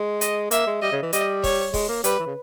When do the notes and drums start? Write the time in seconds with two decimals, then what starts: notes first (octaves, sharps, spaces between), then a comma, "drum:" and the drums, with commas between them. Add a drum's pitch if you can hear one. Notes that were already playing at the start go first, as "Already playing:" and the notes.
Already playing: G#3
0.21 D#5, drum: hi-hat
0.51 A#3 E5, drum: hi-hat
0.67 G#3
0.82 G3 D#5
0.92 C#3
1.03 E3
1.13 G3 D#5, drum: hi-hat
1.44 C#5, drum: kick, open hi-hat
1.74 G#3, drum: kick, open hi-hat
1.89 A#3
2.04 G3 B4, drum: hi-hat
2.20 E3
2.27 C#3